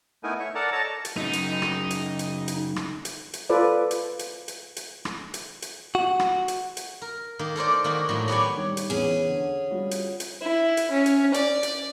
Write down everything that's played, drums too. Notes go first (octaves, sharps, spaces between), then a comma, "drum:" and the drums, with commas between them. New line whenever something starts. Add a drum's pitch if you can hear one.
A3 B3 D#4 E4 A#4 G#5
C#5 E5 C#6
A4 A#4 D5 F#5 A5 A#5
A4 C#5 D#5 A5 A#5
drum: hi-hat
F#2 C#3 F#3 D#4
drum: hi-hat
drum: rim click
drum: hi-hat
drum: hi-hat
drum: hi-hat
drum: rim click
drum: hi-hat
drum: hi-hat
F4 A4 B4 C5 D5
drum: hi-hat
drum: hi-hat
drum: hi-hat
drum: hi-hat
drum: rim click
drum: hi-hat
drum: hi-hat
F#4
drum: rim click
drum: hi-hat
drum: hi-hat
A#4
D#3 A#3
A4 A#4 C5 D5
D#3 A#3 F#4
A2 F#3
B3 G4 B4 C#5 D5 G#5
D#3 G3 C#5
drum: hi-hat
E2 B3 C#4 G#4
D3
G3 F4 F#4
drum: hi-hat
drum: hi-hat
E4
drum: hi-hat
C#4
drum: hi-hat
D5, drum: hi-hat
drum: hi-hat